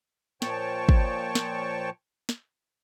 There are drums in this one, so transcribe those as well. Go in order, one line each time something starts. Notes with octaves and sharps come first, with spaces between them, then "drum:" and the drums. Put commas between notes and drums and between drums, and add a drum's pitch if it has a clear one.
A#2 F3 C#5 G5 A5 C#6, drum: snare
drum: kick
drum: snare
drum: snare